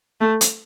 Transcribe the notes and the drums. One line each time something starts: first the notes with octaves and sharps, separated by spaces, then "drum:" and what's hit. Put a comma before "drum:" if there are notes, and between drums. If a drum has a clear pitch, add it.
A3
drum: hi-hat